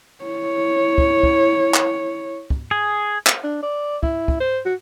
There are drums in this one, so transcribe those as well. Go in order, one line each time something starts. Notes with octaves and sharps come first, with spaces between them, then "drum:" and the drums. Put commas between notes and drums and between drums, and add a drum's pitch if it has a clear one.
E4 C#5
drum: kick
drum: kick
drum: clap
drum: kick
G#4
drum: clap
D4
D5
E4, drum: kick
drum: kick
C5
F#4